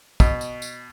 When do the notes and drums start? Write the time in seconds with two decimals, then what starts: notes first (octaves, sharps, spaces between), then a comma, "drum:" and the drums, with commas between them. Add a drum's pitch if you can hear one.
0.20 B2, drum: kick, tambourine
0.41 drum: tambourine
0.62 drum: tambourine